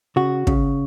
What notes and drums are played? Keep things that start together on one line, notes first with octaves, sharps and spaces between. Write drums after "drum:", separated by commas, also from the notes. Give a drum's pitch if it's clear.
C#3 F#4
C#3, drum: kick